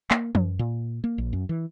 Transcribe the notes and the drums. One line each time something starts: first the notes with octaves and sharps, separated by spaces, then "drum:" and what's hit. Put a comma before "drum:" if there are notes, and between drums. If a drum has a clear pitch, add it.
A#3, drum: clap
F#2, drum: tom E3
A#2
A#3
A#1
F#2
E3